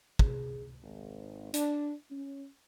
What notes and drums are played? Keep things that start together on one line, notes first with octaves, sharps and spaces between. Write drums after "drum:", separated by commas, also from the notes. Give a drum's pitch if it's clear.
G#4, drum: kick
G#1
D4, drum: hi-hat
C#4